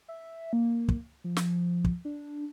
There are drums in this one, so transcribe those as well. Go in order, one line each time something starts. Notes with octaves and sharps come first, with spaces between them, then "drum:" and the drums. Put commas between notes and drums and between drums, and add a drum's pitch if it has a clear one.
E5
A#3
drum: kick
F3
drum: snare
drum: kick
D4